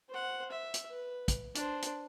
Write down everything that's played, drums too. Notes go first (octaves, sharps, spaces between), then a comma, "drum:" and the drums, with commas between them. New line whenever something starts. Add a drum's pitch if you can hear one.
C5 F#5
E5
drum: hi-hat
B4
drum: kick, hi-hat
D4 C5, drum: hi-hat
drum: hi-hat